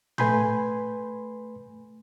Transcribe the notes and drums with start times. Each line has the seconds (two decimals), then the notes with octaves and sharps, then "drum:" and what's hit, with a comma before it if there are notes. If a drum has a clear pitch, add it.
0.18 A3 B4 G#5 B5 C6 G6, drum: tom A2